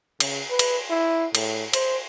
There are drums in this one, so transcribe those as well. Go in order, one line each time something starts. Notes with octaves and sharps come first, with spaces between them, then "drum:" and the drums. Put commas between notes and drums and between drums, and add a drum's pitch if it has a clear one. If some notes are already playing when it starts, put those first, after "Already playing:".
C#3, drum: cymbal
B4
drum: cymbal
E4
A2, drum: cymbal
C5, drum: cymbal